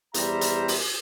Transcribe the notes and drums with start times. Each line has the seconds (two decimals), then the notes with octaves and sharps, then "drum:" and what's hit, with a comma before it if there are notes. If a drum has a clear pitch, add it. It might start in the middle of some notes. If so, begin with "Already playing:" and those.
0.14 E2 G3 G4 C5 E5 A#5, drum: hi-hat
0.41 drum: hi-hat
0.68 drum: open hi-hat